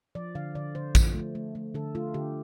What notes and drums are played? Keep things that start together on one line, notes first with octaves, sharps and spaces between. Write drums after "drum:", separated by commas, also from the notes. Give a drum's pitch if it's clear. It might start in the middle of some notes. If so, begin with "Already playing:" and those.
F3 D5
D3 F5
D3 D5
D3 C5
F3, drum: kick, tambourine
A3
A3
A3
D3 A4
A3 F4
D3 G4